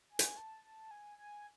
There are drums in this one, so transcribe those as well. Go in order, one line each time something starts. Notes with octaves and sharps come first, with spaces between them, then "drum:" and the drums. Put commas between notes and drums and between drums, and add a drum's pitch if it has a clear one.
G#5
drum: hi-hat
A5
A5
G#5
G#5